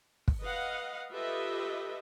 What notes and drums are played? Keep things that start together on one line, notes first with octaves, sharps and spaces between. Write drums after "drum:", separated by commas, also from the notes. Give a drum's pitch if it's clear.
drum: kick
B4 D#5 F5 F#5
F4 G4 A4 B4 D#5 E5